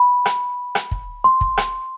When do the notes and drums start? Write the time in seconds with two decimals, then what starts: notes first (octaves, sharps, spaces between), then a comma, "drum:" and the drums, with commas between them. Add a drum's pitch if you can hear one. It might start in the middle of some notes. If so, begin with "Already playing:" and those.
Already playing: B5
0.25 drum: rim click
0.75 drum: rim click
0.91 drum: kick
1.24 C6
1.41 drum: kick
1.57 drum: rim click